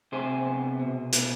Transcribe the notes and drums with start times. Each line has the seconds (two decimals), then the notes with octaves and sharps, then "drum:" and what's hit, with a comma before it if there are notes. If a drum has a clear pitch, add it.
0.12 C3 G#4 C5
0.46 B3
0.79 B2
1.13 B2, drum: hi-hat